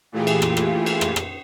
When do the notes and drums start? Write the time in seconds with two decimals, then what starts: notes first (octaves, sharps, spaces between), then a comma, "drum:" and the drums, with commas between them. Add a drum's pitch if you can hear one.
0.12 A#2 E3 A3 F4 G4 G#4
0.27 drum: cymbal
0.42 drum: rim click
0.57 drum: rim click
0.86 drum: cymbal
1.01 drum: rim click
1.16 drum: rim click